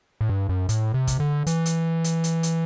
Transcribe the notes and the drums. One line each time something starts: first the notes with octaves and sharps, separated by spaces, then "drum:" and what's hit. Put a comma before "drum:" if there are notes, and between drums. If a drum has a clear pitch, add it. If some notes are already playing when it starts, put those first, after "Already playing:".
A2
G2
F#2
A2, drum: hi-hat
C3
drum: kick, hi-hat
D3
E3, drum: hi-hat
drum: hi-hat
drum: hi-hat
drum: hi-hat
drum: hi-hat